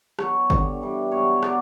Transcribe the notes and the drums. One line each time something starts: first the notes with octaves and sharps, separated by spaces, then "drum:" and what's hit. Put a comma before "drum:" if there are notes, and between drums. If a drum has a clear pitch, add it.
B2 F#3 C#5, drum: rim click
G2 D3 G3, drum: kick
G2 E3 G3
B2 F#3 C#5
B2 F#3 D5, drum: rim click